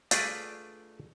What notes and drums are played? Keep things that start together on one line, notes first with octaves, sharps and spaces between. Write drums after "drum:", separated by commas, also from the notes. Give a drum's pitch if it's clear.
A3 D4 F4 G#4 B4 D5, drum: hi-hat